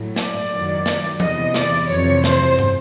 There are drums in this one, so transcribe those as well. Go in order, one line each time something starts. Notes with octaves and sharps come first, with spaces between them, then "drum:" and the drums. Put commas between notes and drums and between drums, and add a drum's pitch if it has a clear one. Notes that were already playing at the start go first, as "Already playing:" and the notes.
Already playing: A2 F#3
D5, drum: snare
F#2 D#3 F#3
drum: snare
E2 C3 E3 D#5, drum: tom E3
D5, drum: snare
F2 C3 E3 C#5
C5, drum: snare
drum: tom